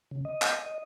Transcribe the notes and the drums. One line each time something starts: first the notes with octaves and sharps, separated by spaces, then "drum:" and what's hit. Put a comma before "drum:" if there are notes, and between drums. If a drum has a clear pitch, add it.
C#3
D#5
drum: clap
D#5